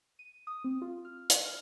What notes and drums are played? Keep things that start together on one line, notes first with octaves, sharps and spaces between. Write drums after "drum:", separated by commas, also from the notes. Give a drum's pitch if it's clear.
D#7
D#6
C4
F4
F6
drum: hi-hat
F6